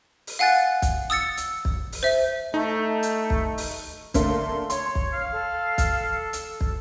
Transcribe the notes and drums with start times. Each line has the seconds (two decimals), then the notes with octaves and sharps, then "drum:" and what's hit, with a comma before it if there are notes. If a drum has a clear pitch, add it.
0.27 drum: open hi-hat
0.39 F5 F#5 G#5 F#6 A6
0.82 drum: kick, hi-hat
1.10 D#6 E6 A6 C#7
1.37 drum: hi-hat
1.65 drum: kick
1.92 drum: open hi-hat
2.03 C5 E5
2.54 A3 D#4
3.03 drum: hi-hat
3.30 drum: kick
3.58 drum: open hi-hat
4.14 D3 A3 A#3 C6, drum: kick, hi-hat
4.70 C#5 C6, drum: hi-hat
4.95 drum: kick
5.14 F5
5.32 A4
5.78 drum: kick, hi-hat
6.33 drum: hi-hat
6.61 drum: kick